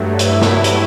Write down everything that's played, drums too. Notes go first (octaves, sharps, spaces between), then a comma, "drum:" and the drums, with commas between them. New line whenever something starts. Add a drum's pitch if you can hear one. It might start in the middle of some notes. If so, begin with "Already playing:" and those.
Already playing: G2 F#3 A3
E4, drum: hi-hat
drum: snare
drum: hi-hat